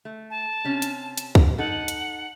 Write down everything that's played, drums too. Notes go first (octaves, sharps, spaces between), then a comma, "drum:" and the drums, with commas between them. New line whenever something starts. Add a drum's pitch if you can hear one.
A3
A5
C3 C#4
drum: hi-hat
drum: hi-hat
drum: kick
D#4 A4 F#5
drum: hi-hat